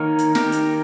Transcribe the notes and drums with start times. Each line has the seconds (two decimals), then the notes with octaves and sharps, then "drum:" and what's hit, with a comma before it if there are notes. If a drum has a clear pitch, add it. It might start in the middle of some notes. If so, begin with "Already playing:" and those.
Already playing: D#3 A#3 D#4 A#4 C#5
0.19 drum: hi-hat
0.35 D#3 A#3 D#4 G4 A#4, drum: snare
0.52 drum: hi-hat